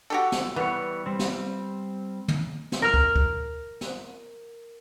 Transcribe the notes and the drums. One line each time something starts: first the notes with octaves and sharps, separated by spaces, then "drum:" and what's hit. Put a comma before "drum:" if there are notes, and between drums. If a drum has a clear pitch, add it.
F#4 G4 A4
drum: snare
E3 G3 B3 C#5
G3 C4
drum: snare
drum: tom
drum: snare
A#4 F6
drum: kick
drum: kick
drum: snare